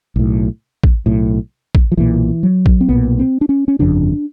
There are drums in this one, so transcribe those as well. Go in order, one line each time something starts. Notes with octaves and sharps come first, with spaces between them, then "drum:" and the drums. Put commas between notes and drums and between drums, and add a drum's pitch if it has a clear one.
B1 A2
drum: kick
B1 A2
drum: kick
F3
B1 A#2 E3
F#3
drum: kick
C4
B1 A#2 B3
C4
D4
C#4
C#4
G1 F2 C#3 D4